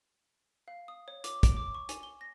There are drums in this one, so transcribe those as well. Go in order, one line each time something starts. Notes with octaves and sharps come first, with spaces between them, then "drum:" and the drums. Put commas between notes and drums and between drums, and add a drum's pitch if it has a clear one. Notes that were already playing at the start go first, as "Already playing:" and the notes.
F5
D#6
C#5
D6, drum: hi-hat
D7, drum: kick, hi-hat
D6
C#6
G#5, drum: hi-hat
G7
A#6